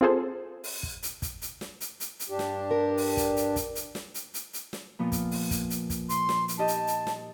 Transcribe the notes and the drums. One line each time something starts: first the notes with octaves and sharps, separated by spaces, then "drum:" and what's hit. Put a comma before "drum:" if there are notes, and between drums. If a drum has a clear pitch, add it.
C4 F4 G#4 A4 C5
drum: open hi-hat
drum: kick
drum: hi-hat
drum: kick, hi-hat
drum: hi-hat
drum: snare
drum: hi-hat
drum: hi-hat
drum: hi-hat
G2 D4 G4
drum: snare
A#4
drum: open hi-hat
drum: kick, hi-hat
drum: hi-hat
drum: kick, hi-hat
drum: hi-hat
drum: snare
drum: hi-hat
drum: hi-hat
drum: hi-hat
drum: snare
A#2 F3 B3
drum: kick, hi-hat
drum: open hi-hat
drum: kick, hi-hat
drum: hi-hat
drum: kick, hi-hat
C6, drum: hi-hat
drum: snare
drum: hi-hat
D#4 G4 D#5 A5
drum: hi-hat
drum: hi-hat
drum: snare